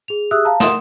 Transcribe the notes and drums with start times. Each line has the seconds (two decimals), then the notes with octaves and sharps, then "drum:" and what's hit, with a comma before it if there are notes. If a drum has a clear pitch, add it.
0.08 G#4 F7
0.31 G4 G#4 E5 D#6 E6 F#6
0.45 F5 A5 A#5
0.60 A#4 F#5 C6 D#6 E7, drum: snare